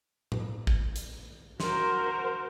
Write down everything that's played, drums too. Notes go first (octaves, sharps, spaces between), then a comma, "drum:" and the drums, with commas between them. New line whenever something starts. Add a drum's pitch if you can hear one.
drum: tom A2
drum: kick
drum: hi-hat
F#4 A#4 C5 C6, drum: snare